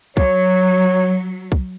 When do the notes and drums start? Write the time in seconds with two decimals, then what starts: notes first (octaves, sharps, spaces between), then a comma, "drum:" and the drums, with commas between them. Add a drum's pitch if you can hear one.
0.17 F#3 C#5, drum: kick
1.52 drum: kick